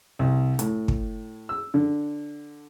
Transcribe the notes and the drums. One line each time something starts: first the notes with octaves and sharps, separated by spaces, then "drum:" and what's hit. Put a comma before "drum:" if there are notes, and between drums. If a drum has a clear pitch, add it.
C2
A2, drum: hi-hat
drum: kick
E6
D3